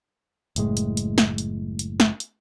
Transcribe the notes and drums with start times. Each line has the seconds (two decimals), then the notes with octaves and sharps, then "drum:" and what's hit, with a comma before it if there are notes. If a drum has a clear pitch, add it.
0.56 F#1 A2 G#3, drum: hi-hat
0.77 drum: hi-hat
0.97 drum: hi-hat
1.18 drum: snare
1.38 drum: hi-hat
1.79 drum: hi-hat
2.00 drum: snare
2.20 drum: hi-hat